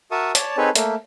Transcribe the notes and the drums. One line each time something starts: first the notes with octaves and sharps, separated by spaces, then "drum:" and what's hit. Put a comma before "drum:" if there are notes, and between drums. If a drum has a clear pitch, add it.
F#4 A#4 E5 A5 C#6 D#6
C#5 D5 A5, drum: hi-hat
C4 D#4 G#4 A4 B4 C#5
A3 A#3, drum: hi-hat